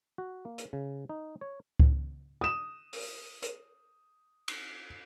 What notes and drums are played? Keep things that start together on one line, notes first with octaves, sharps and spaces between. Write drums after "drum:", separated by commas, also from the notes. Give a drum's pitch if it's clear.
F#4
A#3
drum: hi-hat
C#3
D#4
C#5
drum: kick C#2
D#6 E7
drum: open hi-hat
drum: hi-hat
drum: cymbal